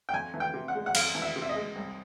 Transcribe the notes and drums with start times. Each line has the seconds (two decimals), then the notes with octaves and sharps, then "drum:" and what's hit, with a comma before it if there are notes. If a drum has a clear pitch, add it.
0.09 G5
0.13 F2 G#5
0.34 E3
0.40 G5
0.53 C3
0.68 F#5
0.75 G#3
0.86 F#5
0.95 F2 F5, drum: cymbal
1.15 E3
1.22 E5
1.36 C3
1.42 E5
1.49 D#5
1.56 G#3
1.76 C2